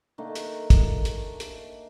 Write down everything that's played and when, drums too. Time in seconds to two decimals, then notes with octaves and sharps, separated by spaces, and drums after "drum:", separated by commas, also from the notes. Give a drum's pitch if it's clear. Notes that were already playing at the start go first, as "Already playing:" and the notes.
0.18 D#3 A3 A#3 D4
0.35 drum: hi-hat
0.70 drum: kick, hi-hat
1.05 drum: hi-hat
1.40 drum: hi-hat